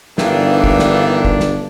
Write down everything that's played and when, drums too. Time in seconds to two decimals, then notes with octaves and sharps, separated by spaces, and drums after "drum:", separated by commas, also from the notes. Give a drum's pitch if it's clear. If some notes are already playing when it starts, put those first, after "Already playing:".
0.18 G1 D#3 E3 D4 F5, drum: snare
0.64 drum: kick G1
0.79 drum: snare
1.25 drum: kick G1
1.40 drum: snare